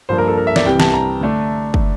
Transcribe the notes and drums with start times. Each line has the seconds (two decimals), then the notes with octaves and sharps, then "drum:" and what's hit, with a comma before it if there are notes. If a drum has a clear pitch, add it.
0.09 G2 F3 A#3 D4 F4 C5
0.18 A#4
0.28 A4
0.38 A#4
0.47 E5
0.56 D5, drum: snare
0.66 C2 C3 E3 G3 G5
0.80 A5, drum: snare
0.94 A#5
1.21 D3 A3 D4
1.74 drum: kick